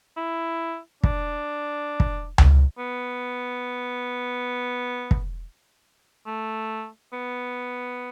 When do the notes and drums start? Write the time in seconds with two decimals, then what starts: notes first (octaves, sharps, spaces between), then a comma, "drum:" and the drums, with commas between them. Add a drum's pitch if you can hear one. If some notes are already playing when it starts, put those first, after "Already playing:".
0.17 E4
1.04 D4, drum: kick
2.00 drum: kick
2.38 drum: tom C#2
2.78 B3
5.11 drum: kick
6.26 A3
7.13 B3